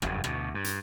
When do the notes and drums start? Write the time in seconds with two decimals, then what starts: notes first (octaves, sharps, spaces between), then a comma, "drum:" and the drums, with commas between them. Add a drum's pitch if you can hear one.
0.02 F#1 E2 G2 C#3, drum: rim click
0.24 D2 B2, drum: rim click
0.54 G2
0.64 drum: hi-hat